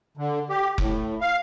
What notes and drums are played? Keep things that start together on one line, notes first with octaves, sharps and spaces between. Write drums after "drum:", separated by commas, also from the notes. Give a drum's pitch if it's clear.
D3
G4
A2, drum: kick F1
F5